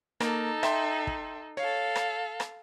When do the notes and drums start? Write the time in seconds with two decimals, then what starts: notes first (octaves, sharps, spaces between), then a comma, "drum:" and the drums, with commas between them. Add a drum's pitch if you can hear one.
0.20 A#3 D#4 A4, drum: rim click
0.63 E5 G5 C6, drum: rim click
1.07 drum: kick
1.57 A4 C#5 F5
1.96 drum: rim click
2.40 drum: rim click